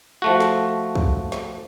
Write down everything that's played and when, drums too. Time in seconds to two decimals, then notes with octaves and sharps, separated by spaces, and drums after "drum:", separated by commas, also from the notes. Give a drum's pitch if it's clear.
0.22 F3 A3 F#4
0.40 drum: snare
0.95 drum: kick
1.32 drum: snare